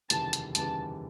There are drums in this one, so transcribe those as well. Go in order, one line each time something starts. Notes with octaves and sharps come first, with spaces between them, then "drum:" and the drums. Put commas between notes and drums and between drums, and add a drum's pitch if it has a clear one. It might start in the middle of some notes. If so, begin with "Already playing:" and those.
F1 D#2 C#3 E3 G3 A5, drum: hi-hat
drum: hi-hat
F1 D#2 C#3 E3 G3 A5, drum: hi-hat